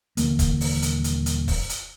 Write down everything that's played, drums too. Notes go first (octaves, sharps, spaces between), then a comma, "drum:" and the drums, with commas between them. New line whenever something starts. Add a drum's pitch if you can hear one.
D#1 D3 E3 A#3, drum: hi-hat
drum: kick, hi-hat
drum: open hi-hat
drum: hi-hat
drum: hi-hat
drum: hi-hat
drum: kick, open hi-hat
drum: hi-hat